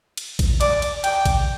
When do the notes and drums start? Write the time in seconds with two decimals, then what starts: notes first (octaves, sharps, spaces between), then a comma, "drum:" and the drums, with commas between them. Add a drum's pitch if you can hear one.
0.17 drum: cymbal
0.39 drum: kick A1, cymbal
0.61 D5, drum: cymbal
0.82 drum: cymbal
1.04 G5, drum: cymbal
1.25 drum: kick A1, cymbal